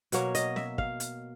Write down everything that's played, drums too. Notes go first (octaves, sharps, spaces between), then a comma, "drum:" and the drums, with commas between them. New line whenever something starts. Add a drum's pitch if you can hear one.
B2 F#3 A#3 C#5, drum: hi-hat
D#5, drum: hi-hat
E5, drum: snare
F5, drum: kick
drum: hi-hat